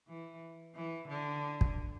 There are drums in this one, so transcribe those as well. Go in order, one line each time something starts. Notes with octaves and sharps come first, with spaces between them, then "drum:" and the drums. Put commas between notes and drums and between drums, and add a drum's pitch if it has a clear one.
E3
E3
D3
drum: kick